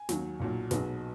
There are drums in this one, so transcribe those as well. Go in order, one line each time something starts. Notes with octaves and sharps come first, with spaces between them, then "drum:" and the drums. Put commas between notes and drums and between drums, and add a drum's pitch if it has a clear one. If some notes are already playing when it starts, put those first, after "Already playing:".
Already playing: G#5
D#2 D#3 F#3, drum: snare
B1 A#2 F#3
B1 B2 F#3 G#4 B4, drum: snare